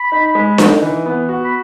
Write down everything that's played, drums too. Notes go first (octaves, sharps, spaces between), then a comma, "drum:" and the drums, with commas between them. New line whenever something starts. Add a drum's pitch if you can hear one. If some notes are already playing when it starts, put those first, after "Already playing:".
Already playing: B5
D#4
G#3
D#4, drum: snare D4
E3
B3
F#4
B5